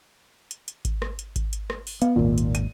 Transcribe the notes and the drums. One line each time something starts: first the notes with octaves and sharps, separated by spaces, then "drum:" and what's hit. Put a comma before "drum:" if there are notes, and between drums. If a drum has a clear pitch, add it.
drum: hi-hat
drum: hi-hat
drum: kick G#1, hi-hat
drum: rim click
drum: hi-hat
drum: kick G#1, hi-hat
drum: hi-hat
drum: rim click
drum: open hi-hat
B3 F5, drum: hi-hat
G#1 D#2 A#2
drum: hi-hat
D#7, drum: hi-hat